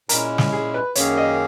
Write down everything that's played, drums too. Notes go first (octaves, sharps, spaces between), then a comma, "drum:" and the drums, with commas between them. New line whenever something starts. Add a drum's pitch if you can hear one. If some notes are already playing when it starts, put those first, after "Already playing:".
A#2 G#3 C#4 E4 A#4, drum: hi-hat
drum: snare
G#4
B4
F#2 D#3 A#3 C#4 G#4 C#5, drum: hi-hat
D#5